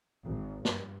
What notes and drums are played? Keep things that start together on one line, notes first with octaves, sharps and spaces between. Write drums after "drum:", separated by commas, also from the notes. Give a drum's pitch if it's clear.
G#1
G2, drum: snare